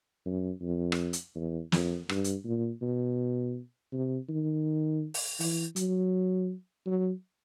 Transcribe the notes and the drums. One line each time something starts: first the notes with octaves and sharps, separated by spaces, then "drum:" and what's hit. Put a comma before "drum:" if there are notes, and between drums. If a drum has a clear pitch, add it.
F#2
F2
drum: rim click
drum: hi-hat
E2
F2, drum: snare
G2, drum: rim click
drum: hi-hat
A#2
B2
C3
D#3
drum: open hi-hat
E3, drum: open hi-hat
F#3, drum: hi-hat
F#3